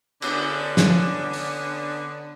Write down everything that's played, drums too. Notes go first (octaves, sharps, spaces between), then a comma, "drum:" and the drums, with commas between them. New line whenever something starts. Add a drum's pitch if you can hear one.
D3 B3 C#4 D4, drum: cymbal
drum: snare
drum: open hi-hat